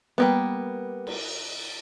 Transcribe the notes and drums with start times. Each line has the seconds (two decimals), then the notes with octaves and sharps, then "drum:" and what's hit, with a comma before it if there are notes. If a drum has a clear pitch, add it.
0.18 G3 A#3 B3
1.07 drum: cymbal